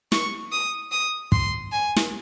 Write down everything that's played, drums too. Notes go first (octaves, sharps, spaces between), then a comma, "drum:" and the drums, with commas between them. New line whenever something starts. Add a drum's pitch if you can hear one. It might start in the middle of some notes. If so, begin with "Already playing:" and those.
C#6, drum: snare
D#6
D#6
C6, drum: kick
G#5
drum: snare